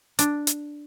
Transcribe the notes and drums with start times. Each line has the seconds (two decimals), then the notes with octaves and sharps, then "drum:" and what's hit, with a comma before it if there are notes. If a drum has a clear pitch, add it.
0.19 D4, drum: hi-hat
0.47 drum: hi-hat